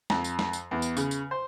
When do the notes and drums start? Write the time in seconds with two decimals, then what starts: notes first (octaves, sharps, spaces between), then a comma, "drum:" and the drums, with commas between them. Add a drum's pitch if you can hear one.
0.10 F2, drum: snare
0.24 drum: tambourine
0.39 drum: snare
0.53 drum: tambourine
0.71 E2
0.82 drum: tambourine
0.97 C#3, drum: tambourine
1.11 drum: tambourine
1.31 C5